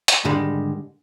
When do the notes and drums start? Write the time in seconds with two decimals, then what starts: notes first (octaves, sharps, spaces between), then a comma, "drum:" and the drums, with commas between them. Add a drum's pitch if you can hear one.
0.08 drum: hi-hat
0.25 G#2 D3 D#3 G3 G#3